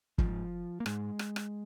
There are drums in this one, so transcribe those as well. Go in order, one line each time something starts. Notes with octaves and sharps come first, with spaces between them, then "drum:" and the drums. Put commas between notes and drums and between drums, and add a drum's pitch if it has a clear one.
G#2 F3, drum: kick F#1
A#3
G#2 G#3, drum: rim click
drum: rim click
drum: rim click